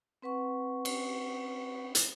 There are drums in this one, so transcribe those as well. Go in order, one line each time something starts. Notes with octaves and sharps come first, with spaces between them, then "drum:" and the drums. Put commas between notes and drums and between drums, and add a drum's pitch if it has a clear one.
C4 B4 F#5 C#6
drum: cymbal
drum: hi-hat